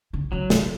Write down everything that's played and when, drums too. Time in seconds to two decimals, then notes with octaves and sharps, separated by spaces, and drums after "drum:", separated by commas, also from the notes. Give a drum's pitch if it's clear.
0.13 D3
0.32 D3 F#3
0.50 C3, drum: snare